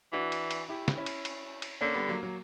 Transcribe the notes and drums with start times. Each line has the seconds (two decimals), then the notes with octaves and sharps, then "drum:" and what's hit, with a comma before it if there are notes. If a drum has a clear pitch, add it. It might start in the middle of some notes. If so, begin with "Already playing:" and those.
0.13 E3 D4 F#4
0.32 drum: cymbal
0.51 drum: cymbal
0.69 E4 G4
0.88 drum: snare
0.97 C#4 E4
1.06 drum: cymbal
1.25 drum: cymbal
1.62 drum: cymbal
1.81 D3 A#3 C#4
1.94 G3 B3
2.09 F#3 A#3
2.23 F#3 A#3